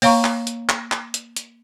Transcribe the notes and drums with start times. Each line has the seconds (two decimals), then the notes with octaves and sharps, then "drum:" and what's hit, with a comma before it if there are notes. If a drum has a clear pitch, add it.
0.02 A#3 C#5 F5 A#5 C#6, drum: open hi-hat
0.24 drum: clap
0.47 drum: hi-hat
0.69 drum: clap
0.92 drum: clap
1.14 drum: hi-hat
1.36 drum: hi-hat